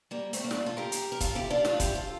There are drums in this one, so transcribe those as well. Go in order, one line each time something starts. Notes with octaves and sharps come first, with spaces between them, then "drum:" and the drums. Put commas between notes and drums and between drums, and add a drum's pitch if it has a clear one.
G3 A#3
A3 C4, drum: hi-hat
A#3 D4
E4, drum: snare
D4 F4
F4 A4
G4 A#4
drum: hi-hat
A#4
F4 A4, drum: kick, hi-hat
E4 G4
D4 F4
D4 F4, drum: snare
E4 G4, drum: kick, hi-hat
F4 A4